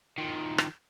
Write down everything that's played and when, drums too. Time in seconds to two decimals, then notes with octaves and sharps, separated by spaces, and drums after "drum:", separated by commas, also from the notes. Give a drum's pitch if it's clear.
0.18 D#3 F3
0.58 drum: rim click